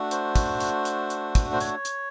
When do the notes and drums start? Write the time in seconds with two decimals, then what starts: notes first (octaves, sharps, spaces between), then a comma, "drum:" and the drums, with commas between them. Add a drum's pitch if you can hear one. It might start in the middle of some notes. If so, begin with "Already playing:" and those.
Already playing: A3 D4 F#4
0.11 C5, drum: hi-hat
0.35 drum: kick, hi-hat
0.60 drum: hi-hat
0.85 drum: hi-hat
1.10 drum: hi-hat
1.35 drum: kick, hi-hat
1.53 C5
1.61 C#5, drum: hi-hat
1.85 drum: hi-hat